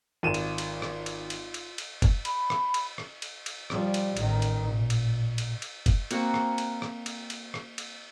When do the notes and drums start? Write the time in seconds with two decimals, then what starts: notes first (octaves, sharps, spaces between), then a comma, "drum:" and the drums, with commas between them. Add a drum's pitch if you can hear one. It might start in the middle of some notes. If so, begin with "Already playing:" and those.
0.23 G#1 F4 D#7 E7
0.34 drum: cymbal
0.58 drum: cymbal
0.82 drum: rim click
1.06 drum: cymbal
1.30 drum: cymbal
1.54 drum: cymbal
1.78 drum: cymbal
2.02 drum: kick F#1, cymbal
2.25 B5, drum: cymbal
2.50 drum: rim click
2.74 drum: cymbal
2.98 drum: rim click
3.22 drum: cymbal
3.46 drum: cymbal
3.70 F3 G3, drum: rim click
3.94 drum: cymbal
4.17 A1 D#3, drum: cymbal
4.42 drum: cymbal
4.71 A#2
4.90 drum: cymbal
5.38 drum: cymbal
5.62 drum: cymbal
5.86 drum: kick F#1, cymbal
6.11 A#3 C4 F#4, drum: cymbal
6.34 drum: rim click
6.58 drum: cymbal
6.82 drum: rim click
7.06 drum: cymbal
7.30 drum: cymbal
7.54 drum: rim click
7.78 drum: cymbal